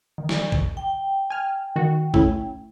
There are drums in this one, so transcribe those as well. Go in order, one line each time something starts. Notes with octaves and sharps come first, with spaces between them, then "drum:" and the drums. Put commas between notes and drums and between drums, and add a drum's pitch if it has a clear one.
D#3
drum: snare
drum: kick
G5
G#5 F6
D#3 F#4
A3 C#4 E4, drum: kick